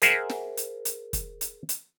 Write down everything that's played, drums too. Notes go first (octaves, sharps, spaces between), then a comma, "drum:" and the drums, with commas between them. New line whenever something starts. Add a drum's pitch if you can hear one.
G#4 A#4 C5 E5 F#5, drum: hi-hat
drum: snare
drum: hi-hat
drum: hi-hat
drum: kick, hi-hat
drum: hi-hat
drum: hi-hat